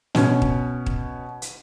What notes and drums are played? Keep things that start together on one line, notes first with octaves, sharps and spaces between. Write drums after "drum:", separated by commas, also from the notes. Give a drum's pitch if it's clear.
B2 C#4, drum: snare
drum: kick
drum: kick
drum: hi-hat